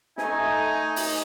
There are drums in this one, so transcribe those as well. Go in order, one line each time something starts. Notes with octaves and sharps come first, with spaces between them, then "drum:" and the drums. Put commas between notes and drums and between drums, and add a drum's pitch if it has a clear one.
A3 D#4 G#5, drum: snare
drum: open hi-hat